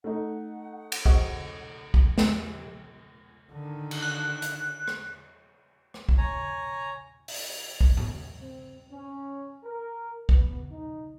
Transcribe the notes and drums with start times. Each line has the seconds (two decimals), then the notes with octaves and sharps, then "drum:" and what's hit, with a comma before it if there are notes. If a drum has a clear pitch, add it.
0.04 A3 D#4 F#5
0.92 drum: cymbal
1.06 G#3 C4 F#4, drum: kick
1.94 drum: kick
2.18 G4, drum: snare
3.52 D3 D#3
3.91 drum: cymbal
4.02 F#6
4.42 drum: hi-hat
4.88 drum: rim click
5.94 drum: rim click
6.09 drum: kick
6.18 C#5 G#5 A#5
7.28 drum: open hi-hat
7.81 drum: kick
7.97 drum: tom G#2
8.41 C4
8.92 C#4
9.63 A#4
10.29 B3, drum: kick
10.70 D#4